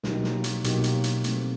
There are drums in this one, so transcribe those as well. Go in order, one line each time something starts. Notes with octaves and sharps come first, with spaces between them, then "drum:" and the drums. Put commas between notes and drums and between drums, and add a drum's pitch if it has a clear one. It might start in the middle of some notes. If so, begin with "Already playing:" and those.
B2 F#3 A#3 D#4 G4, drum: snare
drum: snare
drum: hi-hat
B2 F#3 A#3 D#4 G4, drum: hi-hat
drum: hi-hat
drum: hi-hat
F#3 A3 C4, drum: hi-hat